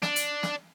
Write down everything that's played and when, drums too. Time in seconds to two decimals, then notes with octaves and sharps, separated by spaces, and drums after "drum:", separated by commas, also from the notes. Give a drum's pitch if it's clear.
0.02 D4, drum: snare
0.16 drum: hi-hat
0.43 drum: snare